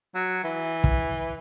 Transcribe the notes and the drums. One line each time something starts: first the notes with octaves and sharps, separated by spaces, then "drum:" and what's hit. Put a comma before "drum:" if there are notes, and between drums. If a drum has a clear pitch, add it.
F#3
E3
drum: kick